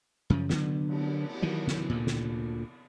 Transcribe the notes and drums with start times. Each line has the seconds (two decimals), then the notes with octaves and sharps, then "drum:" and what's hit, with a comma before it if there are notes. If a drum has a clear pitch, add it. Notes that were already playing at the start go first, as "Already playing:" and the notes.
0.30 F#2 C#3 F3
0.50 D3 D#3 F#3 B3, drum: snare
0.89 drum: cymbal
1.28 drum: cymbal
1.42 D#3 E3 F#3
1.68 drum: snare
1.89 D2 A#2
2.07 drum: snare